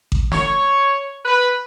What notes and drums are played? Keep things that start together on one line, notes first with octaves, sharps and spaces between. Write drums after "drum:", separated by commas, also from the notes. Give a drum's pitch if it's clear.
drum: kick A1
C#5, drum: snare
B4